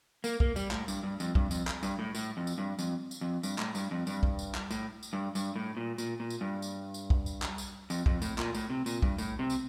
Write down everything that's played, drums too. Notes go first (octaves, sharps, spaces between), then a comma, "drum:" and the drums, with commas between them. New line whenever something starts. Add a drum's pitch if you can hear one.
A#3, drum: tambourine
A#3, drum: kick
G3, drum: tambourine
A2, drum: clap
G2, drum: tambourine
G2
F2, drum: tambourine
G2, drum: kick
F2, drum: tambourine
drum: clap
G2, drum: tambourine
A2
A2, drum: tambourine
F2
drum: tambourine
G2
F2, drum: tambourine
drum: tambourine
F2
G2, drum: tambourine
A2, drum: clap
G2, drum: tambourine
F2
G2, drum: tambourine
drum: kick
drum: tambourine
drum: clap
A2, drum: tambourine
drum: tambourine
G2
G2, drum: tambourine
A2
A#2
A#2, drum: tambourine
A#2
drum: tambourine
G2
drum: tambourine
drum: tambourine
drum: kick
drum: tambourine
drum: clap
drum: tambourine
F2, drum: tambourine
F2, drum: kick
A2, drum: tambourine
A#2, drum: clap
A2, drum: tambourine
C3
A#2, drum: tambourine
G2, drum: kick
A2, drum: tambourine
C3
drum: tambourine